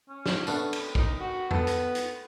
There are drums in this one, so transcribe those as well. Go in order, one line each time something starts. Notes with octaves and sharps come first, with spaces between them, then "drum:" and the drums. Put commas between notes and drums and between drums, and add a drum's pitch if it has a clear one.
C#4
drum: snare
A3 B3 D4, drum: tambourine
drum: cymbal
D#4, drum: kick
F#4
B3 A4, drum: tom F2
drum: hi-hat
drum: hi-hat